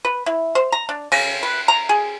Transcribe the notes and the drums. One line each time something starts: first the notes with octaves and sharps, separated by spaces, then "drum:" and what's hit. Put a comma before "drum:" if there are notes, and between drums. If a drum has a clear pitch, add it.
B4
E4
C5
A#5
D4
C#3, drum: cymbal
B4
A#5
G#4